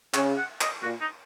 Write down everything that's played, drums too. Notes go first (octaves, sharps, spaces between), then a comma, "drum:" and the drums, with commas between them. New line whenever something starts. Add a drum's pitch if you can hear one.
C#3 C#5, drum: clap
F#5
D#5, drum: clap
A#2 F#4
D#4